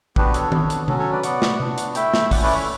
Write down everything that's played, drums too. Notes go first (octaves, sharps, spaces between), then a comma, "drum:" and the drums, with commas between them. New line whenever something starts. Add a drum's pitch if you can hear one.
B3 D4 F#4 G4 B4, drum: kick
A4 C#5, drum: hi-hat
B3 D4 F#4, drum: tom D#3
drum: hi-hat
F#3 C#4 F#4 A4, drum: tom C3
A4 C#5
B4 D5
B3 F#4 D5 F#5, drum: hi-hat
drum: snare
B3 D4 F#4, drum: tom C3
drum: hi-hat
A3 E4 E5 G5, drum: hi-hat
drum: snare
A3 C#4 E4 D5 F#5, drum: kick, open hi-hat
B4 D5
C#5 E5